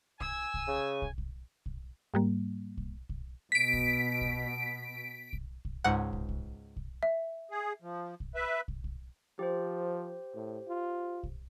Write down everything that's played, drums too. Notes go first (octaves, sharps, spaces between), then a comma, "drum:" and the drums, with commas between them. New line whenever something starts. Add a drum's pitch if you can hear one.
G#5 E6, drum: kick
drum: kick
C#3
drum: kick
drum: kick
drum: kick
G#2 G3 A#3
drum: kick
drum: kick
B2 B6 D7
drum: kick
drum: kick
drum: kick
drum: kick
C#2 G#2 F#5
drum: kick
drum: kick
drum: kick
E5
G#4
F3
drum: kick
B4 E5
drum: kick
drum: kick
F3 G4 C5
A2
F4
drum: kick